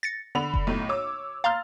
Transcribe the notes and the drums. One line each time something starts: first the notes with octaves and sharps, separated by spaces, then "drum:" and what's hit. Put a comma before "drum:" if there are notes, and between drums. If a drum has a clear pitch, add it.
A6 A#6 C#7
D3 B3 B5 F7
drum: kick F1
B1 A2
C#5 D6 E6
F5 A#5 C6 F6 A6